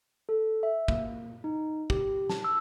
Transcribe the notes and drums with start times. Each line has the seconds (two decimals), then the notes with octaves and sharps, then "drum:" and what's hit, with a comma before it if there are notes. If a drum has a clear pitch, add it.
0.29 A4
0.63 E5
0.88 A#3, drum: kick
1.44 D#4
1.90 G4, drum: kick
2.29 A5, drum: snare
2.44 E6